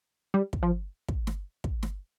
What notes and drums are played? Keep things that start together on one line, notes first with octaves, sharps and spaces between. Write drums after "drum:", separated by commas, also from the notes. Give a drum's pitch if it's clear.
G3
drum: kick
F3
drum: kick
drum: snare
drum: kick
drum: snare